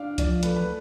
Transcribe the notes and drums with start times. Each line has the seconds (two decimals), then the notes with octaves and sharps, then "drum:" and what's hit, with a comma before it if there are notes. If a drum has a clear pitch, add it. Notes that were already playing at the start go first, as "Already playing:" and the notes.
Already playing: D4 F5
0.18 F3 D5, drum: kick C#2, hi-hat
0.43 A3 B4, drum: hi-hat
0.56 B4